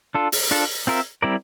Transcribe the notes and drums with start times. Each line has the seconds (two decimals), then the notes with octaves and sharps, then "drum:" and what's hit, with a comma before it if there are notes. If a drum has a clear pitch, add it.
0.15 D4 F4 A4
0.32 drum: open hi-hat
0.51 D4 F4 A4
0.87 C4 F4 A#4 E5
1.22 G3 C4 E4 A#4 D5